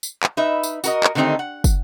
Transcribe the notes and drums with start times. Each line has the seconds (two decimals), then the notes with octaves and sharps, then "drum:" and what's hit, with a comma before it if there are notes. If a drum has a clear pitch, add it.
0.03 drum: tambourine
0.23 drum: clap
0.37 D#4 B4 E5
0.63 drum: tambourine
0.84 F#4 A#4 D#5, drum: tambourine
1.04 drum: clap
1.15 D3 D#3 A3 C4 D#4 G4
1.39 F#5
1.64 drum: kick, tambourine